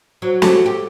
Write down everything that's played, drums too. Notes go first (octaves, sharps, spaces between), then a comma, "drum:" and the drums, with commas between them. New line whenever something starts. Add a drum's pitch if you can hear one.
F#3
F#3 A3 G4, drum: snare
G4